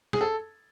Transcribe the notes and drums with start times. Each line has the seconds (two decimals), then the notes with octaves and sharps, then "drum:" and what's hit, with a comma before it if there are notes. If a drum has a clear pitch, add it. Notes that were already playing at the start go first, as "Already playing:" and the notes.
0.13 G#4, drum: snare
0.21 A4